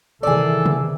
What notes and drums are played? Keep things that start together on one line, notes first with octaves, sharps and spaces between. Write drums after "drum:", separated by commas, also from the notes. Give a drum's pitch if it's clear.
C3 D#3 E3 G#4 A4 D5
drum: tom C3